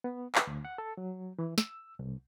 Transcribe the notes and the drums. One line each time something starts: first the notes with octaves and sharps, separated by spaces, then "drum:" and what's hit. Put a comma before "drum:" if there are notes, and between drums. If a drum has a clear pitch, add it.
B3
B4, drum: clap
D2
F#5
A4
F#3
E3
E6, drum: snare
C2